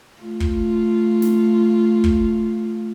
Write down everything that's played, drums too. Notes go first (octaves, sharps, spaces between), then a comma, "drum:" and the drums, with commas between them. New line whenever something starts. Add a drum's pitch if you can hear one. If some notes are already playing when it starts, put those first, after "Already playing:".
A3 F4
drum: kick
drum: snare
drum: kick